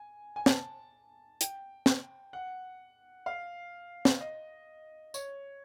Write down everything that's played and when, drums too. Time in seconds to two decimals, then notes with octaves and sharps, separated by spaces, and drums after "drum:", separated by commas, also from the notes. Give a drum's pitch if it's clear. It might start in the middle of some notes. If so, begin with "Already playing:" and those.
Already playing: G#5
0.36 G#5
0.46 A5, drum: snare
1.41 G5, drum: hi-hat
1.86 drum: snare
2.33 F#5
3.26 F5
4.05 drum: snare
4.20 D#5
5.14 C#5, drum: tambourine